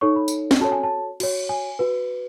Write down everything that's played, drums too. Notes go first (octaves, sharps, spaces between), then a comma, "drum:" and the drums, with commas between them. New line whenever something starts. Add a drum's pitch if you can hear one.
D#4 A4 C#5 C#6
B5
drum: tambourine
drum: snare
F#4 A4 C#5 A5
G#5
A5
F#4 C#5, drum: cymbal
G#5
F#4 B4